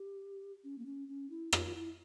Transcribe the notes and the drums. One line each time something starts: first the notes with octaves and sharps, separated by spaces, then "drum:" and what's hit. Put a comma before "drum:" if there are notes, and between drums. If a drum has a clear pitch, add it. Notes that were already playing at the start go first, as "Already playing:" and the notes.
Already playing: G4
C#4
A#3
C#4
C#4
E4
F4, drum: rim click
F4
E4